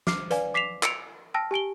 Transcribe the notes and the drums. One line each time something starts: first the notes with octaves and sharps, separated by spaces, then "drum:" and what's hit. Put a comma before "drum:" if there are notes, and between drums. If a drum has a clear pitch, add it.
D6 F6 C7, drum: snare
B4 D5 F5 G#5, drum: hi-hat
D6 B6 C7 E7 F7
E6 C#7 D7 F7, drum: clap
G5 A5 E6 F6 A#6
G4 G#5 D7 G7